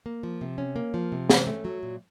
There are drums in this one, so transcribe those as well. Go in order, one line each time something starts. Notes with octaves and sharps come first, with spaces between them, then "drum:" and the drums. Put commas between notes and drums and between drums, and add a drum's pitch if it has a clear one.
A#3
F3
C3
C#4
A#3
F3
C3
C#4, drum: snare
A3
F#3
A#2